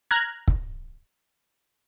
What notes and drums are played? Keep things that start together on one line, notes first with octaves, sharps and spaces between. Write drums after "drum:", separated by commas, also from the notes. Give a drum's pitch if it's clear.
A#5 F6 F#6 G#6
drum: kick